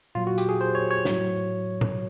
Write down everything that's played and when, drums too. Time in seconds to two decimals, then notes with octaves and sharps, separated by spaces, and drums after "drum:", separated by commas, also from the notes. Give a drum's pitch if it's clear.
0.15 A#2 F#3 F4
0.27 F#4
0.38 G4, drum: hi-hat
0.49 G#4
0.61 C5
0.75 C#5
0.91 C#5
1.05 A2 F#3, drum: snare
1.81 drum: tom A2